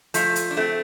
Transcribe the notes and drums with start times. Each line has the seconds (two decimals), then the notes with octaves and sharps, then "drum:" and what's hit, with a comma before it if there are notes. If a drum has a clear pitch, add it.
0.14 F3 A3, drum: hi-hat
0.36 drum: hi-hat
0.51 D4
0.57 A3 C4